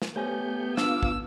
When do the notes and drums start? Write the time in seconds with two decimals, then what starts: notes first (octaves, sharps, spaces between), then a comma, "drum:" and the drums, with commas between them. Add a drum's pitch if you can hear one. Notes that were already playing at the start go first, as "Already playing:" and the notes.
0.02 drum: snare
0.16 A3 B3 G4 C5 C#5 G#5 G6
0.77 D4 F4 F5 D6 E6, drum: snare
1.03 drum: kick